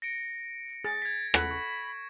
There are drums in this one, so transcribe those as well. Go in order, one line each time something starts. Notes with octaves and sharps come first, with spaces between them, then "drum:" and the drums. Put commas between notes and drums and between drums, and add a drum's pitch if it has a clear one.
A#6 C#7 D7
G#4 A6
G#6 B6
A4 F#5 B5, drum: rim click
C#6